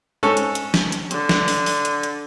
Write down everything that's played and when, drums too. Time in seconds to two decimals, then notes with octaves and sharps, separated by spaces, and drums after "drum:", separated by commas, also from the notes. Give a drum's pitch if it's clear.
0.23 G#2 C#4 A4
0.37 drum: hi-hat
0.55 drum: hi-hat
0.74 drum: snare
0.92 drum: hi-hat
1.11 D3, drum: hi-hat
1.29 drum: snare
1.48 drum: open hi-hat
1.66 drum: open hi-hat
1.85 drum: hi-hat
2.03 drum: hi-hat